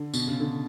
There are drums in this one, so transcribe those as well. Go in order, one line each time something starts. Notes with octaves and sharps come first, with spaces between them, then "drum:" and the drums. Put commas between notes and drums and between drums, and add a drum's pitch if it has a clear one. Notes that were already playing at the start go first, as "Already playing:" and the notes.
Already playing: D3
B2, drum: tambourine
C#3
D3